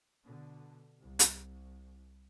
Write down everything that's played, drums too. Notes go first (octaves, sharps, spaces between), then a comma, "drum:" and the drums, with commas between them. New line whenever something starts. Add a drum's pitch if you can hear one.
B2 D3
C2
drum: hi-hat